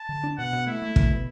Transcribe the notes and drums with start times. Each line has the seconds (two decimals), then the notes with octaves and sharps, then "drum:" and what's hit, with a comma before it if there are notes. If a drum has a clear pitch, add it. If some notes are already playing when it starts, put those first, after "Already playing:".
Already playing: A5
0.09 D3
0.24 D4
0.38 B2 F#5
0.53 B2
0.67 A3 E4
0.82 A3
0.96 A3, drum: kick
1.10 B2